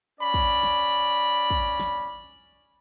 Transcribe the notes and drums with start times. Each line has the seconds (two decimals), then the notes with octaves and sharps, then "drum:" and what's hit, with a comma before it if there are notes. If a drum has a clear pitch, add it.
0.20 C#4 D5 B5
0.34 drum: kick
0.63 drum: snare
1.50 drum: kick
1.80 drum: snare